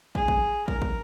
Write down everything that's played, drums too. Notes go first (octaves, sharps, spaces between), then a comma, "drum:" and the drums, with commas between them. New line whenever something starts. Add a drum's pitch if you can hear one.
G#4, drum: kick
drum: kick
A#4, drum: kick
drum: kick